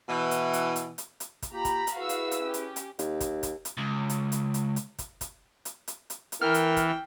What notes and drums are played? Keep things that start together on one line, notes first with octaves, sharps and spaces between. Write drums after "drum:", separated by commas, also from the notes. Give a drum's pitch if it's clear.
B2 E3
drum: hi-hat
drum: hi-hat
drum: hi-hat
drum: hi-hat
drum: hi-hat
drum: kick, hi-hat
A#3 F4 G4 A#5 B5
drum: kick, hi-hat
drum: hi-hat
E4 F#4 G#4 B4 F5 E6
drum: hi-hat
drum: hi-hat
C#4 G4
drum: hi-hat
drum: hi-hat
D#2, drum: hi-hat
drum: kick, hi-hat
drum: kick, hi-hat
drum: hi-hat
C#2
drum: hi-hat
drum: hi-hat
drum: hi-hat
drum: hi-hat
drum: kick, hi-hat
drum: kick, hi-hat
drum: hi-hat
drum: hi-hat
drum: hi-hat
drum: hi-hat
E3 A#4 G5 F6
drum: hi-hat
drum: kick, hi-hat